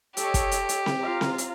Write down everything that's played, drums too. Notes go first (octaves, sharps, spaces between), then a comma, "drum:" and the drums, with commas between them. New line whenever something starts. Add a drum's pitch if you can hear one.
G4 A4 C#5 D#5, drum: hi-hat
drum: kick, hi-hat
drum: hi-hat
drum: hi-hat
drum: snare C4
F4 F5 A#5
drum: snare C4
drum: hi-hat